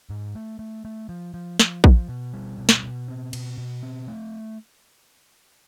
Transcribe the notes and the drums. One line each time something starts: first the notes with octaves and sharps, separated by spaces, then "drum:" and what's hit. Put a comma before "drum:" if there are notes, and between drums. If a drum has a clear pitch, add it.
G#2
A3
A3
A3
F3
F3
F3, drum: snare
F3, drum: kick
B2
G3
B2
drum: snare
B2
C4
B2, drum: cymbal
B2
C4
A3